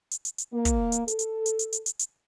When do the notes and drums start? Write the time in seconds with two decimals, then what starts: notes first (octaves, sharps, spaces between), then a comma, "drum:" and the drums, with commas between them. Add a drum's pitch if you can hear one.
0.11 drum: hi-hat
0.25 drum: hi-hat
0.38 drum: hi-hat
0.52 A#3
0.65 drum: kick, hi-hat
0.92 drum: hi-hat
1.08 A4, drum: hi-hat
1.19 drum: hi-hat
1.46 drum: hi-hat
1.59 drum: hi-hat
1.72 drum: hi-hat
1.86 drum: hi-hat
1.99 drum: hi-hat